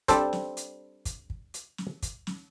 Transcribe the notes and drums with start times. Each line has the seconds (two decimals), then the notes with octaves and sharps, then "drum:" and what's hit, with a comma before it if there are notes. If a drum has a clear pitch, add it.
0.08 G3 C4 D4 A4 C5, drum: kick, hi-hat
0.33 drum: snare
0.57 drum: hi-hat
1.05 drum: kick, hi-hat
1.30 drum: kick
1.54 drum: hi-hat
1.78 drum: snare
2.03 drum: kick, hi-hat
2.27 drum: snare